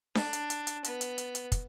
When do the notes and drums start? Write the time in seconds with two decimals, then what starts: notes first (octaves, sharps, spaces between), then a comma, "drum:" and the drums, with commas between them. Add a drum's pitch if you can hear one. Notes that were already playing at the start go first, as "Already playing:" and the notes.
0.15 D4, drum: snare D4
0.33 drum: hi-hat
0.50 drum: hi-hat
0.67 drum: hi-hat
0.84 B3, drum: hi-hat
1.01 drum: hi-hat
1.18 drum: hi-hat
1.35 drum: hi-hat
1.52 drum: kick, hi-hat